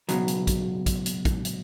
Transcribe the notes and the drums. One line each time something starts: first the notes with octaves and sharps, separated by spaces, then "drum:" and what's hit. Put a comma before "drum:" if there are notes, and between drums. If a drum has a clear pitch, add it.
C#2 B2 F#3, drum: hi-hat
drum: hi-hat
drum: kick, hi-hat
drum: kick, hi-hat
drum: hi-hat
drum: kick, hi-hat
drum: hi-hat